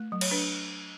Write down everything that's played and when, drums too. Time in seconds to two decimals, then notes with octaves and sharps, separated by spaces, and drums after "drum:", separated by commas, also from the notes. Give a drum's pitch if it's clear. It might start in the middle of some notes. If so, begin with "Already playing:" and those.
Already playing: A3
0.12 F#3
0.21 C#5, drum: cymbal
0.31 D4 B4